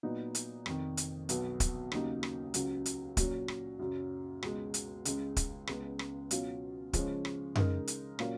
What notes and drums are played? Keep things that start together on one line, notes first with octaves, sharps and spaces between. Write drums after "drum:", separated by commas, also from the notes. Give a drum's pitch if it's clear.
A#2 F#3 B3 D#4
drum: hi-hat
F1 F2 D#3, drum: rim click
drum: hi-hat
B1 B2 F#3 B3, drum: hi-hat
drum: kick, hi-hat
D#2 C#3 F#3 A#3 D#4, drum: rim click
drum: rim click
C#2 C#3 F#3, drum: hi-hat
drum: hi-hat
A#2 F#3 C#4, drum: kick, hi-hat
drum: rim click
F#2 C#3 F#3
C#2 B2 G#3, drum: rim click
drum: hi-hat
C#2 C#3 G#3, drum: hi-hat
drum: kick, hi-hat
C#2 C#3 G#3 B3, drum: rim click
drum: rim click
B2 F#3 C#4 F4, drum: hi-hat
C#3 F3 G#3 C#4, drum: kick, hi-hat
drum: rim click
C#3 G#3 D#4 A#4, drum: tom F#2
drum: hi-hat
A#2 F#3 C#4 F4 A#4, drum: rim click